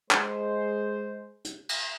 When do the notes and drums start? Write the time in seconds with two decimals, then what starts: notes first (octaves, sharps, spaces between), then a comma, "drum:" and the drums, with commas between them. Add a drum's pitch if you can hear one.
0.11 G#3 C5, drum: clap
1.45 drum: hi-hat
1.69 drum: cymbal